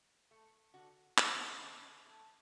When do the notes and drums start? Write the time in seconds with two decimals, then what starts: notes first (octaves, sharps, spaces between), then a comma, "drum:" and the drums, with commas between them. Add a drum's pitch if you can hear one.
0.31 A3
0.74 D3 F#4
1.18 A3 D4, drum: clap
1.62 D3 C#4
2.06 A3